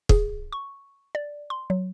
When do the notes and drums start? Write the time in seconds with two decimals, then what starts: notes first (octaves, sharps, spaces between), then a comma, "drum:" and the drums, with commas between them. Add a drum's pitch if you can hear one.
0.09 G#4, drum: kick
0.53 C#6
1.15 D5
1.50 C6
1.70 F#3